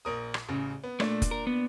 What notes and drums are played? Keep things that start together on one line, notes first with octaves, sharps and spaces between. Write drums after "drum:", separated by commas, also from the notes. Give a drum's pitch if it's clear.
A#1 A#4 D#6
drum: rim click
A1 C#3
B3
A#2 A3 D4, drum: rim click
drum: kick, hi-hat
A#4
B3